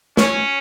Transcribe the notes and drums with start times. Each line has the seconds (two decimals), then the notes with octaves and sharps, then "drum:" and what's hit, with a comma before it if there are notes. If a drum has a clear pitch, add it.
0.17 C#4 C#5, drum: snare